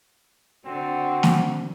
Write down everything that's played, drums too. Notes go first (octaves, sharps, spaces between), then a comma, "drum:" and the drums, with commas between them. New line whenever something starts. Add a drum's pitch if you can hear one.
D3 C4 F#4
drum: snare